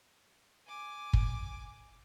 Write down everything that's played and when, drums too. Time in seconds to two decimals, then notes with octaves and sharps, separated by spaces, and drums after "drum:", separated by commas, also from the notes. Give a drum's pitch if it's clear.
0.67 G#5 D6
1.13 drum: kick